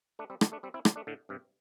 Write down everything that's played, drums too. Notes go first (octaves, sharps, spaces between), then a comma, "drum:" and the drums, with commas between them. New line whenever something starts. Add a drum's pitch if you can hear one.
A3 D4
G3 C4
A3 D4, drum: rim click
A3 D4
G3 C4
C4 E4
A3 D4, drum: rim click
A3 D4
A2 D3
G2 C3